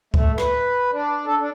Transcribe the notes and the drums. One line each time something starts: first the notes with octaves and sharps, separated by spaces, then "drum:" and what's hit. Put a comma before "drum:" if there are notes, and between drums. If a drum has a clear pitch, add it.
A3, drum: kick C#2
B4, drum: rim click
D4
A4
D4